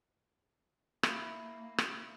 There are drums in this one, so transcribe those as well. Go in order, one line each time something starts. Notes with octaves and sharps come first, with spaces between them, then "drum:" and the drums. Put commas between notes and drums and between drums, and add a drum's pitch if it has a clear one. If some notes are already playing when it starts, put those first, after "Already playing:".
A#3 E4 F5, drum: rim click
drum: rim click